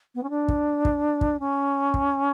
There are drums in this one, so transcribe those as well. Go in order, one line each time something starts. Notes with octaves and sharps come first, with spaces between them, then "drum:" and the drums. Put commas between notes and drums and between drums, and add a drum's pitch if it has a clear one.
B3
C#4
D4
drum: kick
drum: kick
drum: kick
C#4
drum: kick